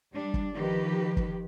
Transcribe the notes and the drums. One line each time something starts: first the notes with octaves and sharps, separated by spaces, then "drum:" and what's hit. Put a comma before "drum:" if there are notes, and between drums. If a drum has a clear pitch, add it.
G3 D4
drum: kick
D#3 F3 G4 B4
drum: kick